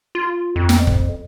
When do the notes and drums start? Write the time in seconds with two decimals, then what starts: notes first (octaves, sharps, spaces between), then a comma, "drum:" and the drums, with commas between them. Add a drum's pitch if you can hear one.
0.15 F4
0.56 F2
0.69 drum: snare
0.87 drum: kick